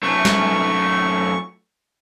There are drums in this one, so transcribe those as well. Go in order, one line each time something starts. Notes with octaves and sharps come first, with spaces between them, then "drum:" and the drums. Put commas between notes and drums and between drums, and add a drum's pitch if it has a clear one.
F#2 A3 C#6
drum: snare